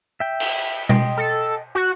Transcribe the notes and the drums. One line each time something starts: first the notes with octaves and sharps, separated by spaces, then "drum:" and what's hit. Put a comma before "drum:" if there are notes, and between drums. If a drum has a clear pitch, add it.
E5 G5
drum: cymbal
D#5 G5 C6, drum: tom B2
A4
F#4